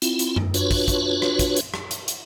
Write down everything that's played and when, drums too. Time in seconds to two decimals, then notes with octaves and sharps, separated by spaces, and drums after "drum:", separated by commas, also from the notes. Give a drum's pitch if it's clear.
0.02 C4 E4 F4, drum: hi-hat
0.19 drum: hi-hat
0.36 drum: tom F#2
0.54 D4 F4 F#4 B4 C#5, drum: hi-hat
0.71 drum: kick, open hi-hat
0.88 drum: kick, hi-hat
1.22 drum: rim click
1.39 drum: kick, hi-hat
1.56 drum: hi-hat
1.74 drum: rim click
1.91 drum: hi-hat
2.08 drum: hi-hat